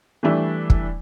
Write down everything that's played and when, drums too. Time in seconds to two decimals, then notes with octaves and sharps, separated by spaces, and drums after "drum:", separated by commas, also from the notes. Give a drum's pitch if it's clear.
0.23 E3 G3 A3 D4 E4
0.70 drum: kick